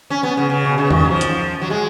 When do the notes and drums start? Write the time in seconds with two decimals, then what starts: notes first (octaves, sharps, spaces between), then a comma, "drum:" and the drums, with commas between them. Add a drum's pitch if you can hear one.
0.10 C#4
0.23 B3
0.37 C#3
0.50 C#3
0.65 B2
0.78 C#3
0.90 D#3, drum: tom E2
1.05 F#3
1.11 F3
1.21 drum: hi-hat
1.61 F#3
1.70 G#3